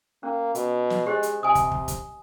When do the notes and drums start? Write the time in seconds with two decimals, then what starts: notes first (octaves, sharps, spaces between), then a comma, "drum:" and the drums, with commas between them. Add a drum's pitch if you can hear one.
0.23 A#3 C#4
0.55 B2, drum: hi-hat
0.90 drum: snare
1.06 G#3 G4 C5 D#5
1.23 drum: hi-hat
1.43 C3 G#5 D#6
1.55 drum: kick, hi-hat
1.72 drum: kick
1.88 drum: kick, hi-hat